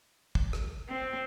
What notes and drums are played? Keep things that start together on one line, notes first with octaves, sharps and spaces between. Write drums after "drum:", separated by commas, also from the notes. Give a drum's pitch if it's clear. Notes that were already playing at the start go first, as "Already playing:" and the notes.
drum: kick
drum: rim click
C4